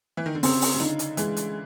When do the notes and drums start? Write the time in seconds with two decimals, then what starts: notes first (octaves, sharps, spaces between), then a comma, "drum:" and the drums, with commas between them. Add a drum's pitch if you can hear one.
0.17 E3
0.26 D#3
0.35 D3
0.43 C#3 C4, drum: open hi-hat
0.62 drum: open hi-hat
0.74 C#3
0.80 D3 D#4, drum: snare
0.99 drum: hi-hat
1.17 E3 G#3, drum: hi-hat
1.37 drum: hi-hat